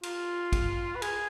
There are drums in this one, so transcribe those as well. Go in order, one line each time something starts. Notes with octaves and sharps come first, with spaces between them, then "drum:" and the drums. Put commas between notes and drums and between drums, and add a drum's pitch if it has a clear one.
F4, drum: cymbal
drum: kick, cymbal
B4
G#4, drum: cymbal